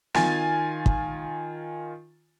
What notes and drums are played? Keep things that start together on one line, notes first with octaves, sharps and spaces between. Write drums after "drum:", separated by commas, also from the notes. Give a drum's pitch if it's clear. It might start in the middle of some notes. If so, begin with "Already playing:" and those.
D#3 F4 G#5 A6, drum: snare
drum: kick